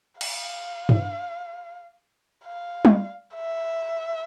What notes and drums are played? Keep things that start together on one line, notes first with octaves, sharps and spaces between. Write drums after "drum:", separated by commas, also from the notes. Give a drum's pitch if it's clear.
F5, drum: cymbal
drum: tom G2
F5
drum: tom G3
E5